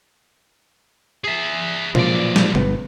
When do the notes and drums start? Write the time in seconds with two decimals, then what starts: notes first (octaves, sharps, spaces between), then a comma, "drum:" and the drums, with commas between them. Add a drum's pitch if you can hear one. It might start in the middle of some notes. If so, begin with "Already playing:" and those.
1.24 G#4 E5
1.95 B1 A#2 F3 D5, drum: tom B2
2.36 drum: snare
2.55 G1 B3, drum: tom B2